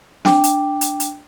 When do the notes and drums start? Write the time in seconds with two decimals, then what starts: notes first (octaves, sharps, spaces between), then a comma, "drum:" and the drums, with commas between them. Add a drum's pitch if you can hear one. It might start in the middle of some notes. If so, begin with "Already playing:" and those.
0.25 D4 G5 D6, drum: snare
0.44 drum: hi-hat
0.81 drum: hi-hat
1.00 drum: hi-hat